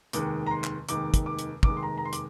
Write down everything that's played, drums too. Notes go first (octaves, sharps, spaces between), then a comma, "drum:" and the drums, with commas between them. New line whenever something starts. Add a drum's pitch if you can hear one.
F1 D#2 D#3 G#3 D6, drum: hi-hat
A#5
C6
drum: clap
F1 D#2 D#3 G#3 D6, drum: hi-hat
drum: kick, hi-hat
D6
drum: hi-hat
F1 D#2 D#3 G#3 D6, drum: kick
C6
A#5
A#5
C6
D6, drum: hi-hat